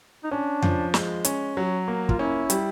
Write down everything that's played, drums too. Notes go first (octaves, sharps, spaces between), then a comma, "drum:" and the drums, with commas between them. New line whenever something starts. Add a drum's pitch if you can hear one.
D#4
C#4 D4
F3, drum: tom F2
G#3, drum: snare
C#4, drum: hi-hat
F#3
A#3
F4, drum: kick
C#4 E4
G3, drum: hi-hat